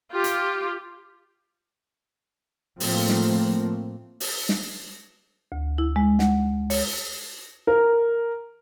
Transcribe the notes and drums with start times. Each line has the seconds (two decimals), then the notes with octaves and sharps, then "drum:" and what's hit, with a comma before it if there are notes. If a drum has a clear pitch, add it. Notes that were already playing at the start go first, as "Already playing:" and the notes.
0.11 F4 G4
0.24 drum: hi-hat
2.80 A2 F3 A3 A#3 C4, drum: open hi-hat
3.09 drum: snare
4.20 drum: open hi-hat
4.49 drum: snare
5.52 D2
5.78 E4
5.96 G#3
6.19 F#5, drum: snare
6.70 C#5, drum: open hi-hat
7.67 A#4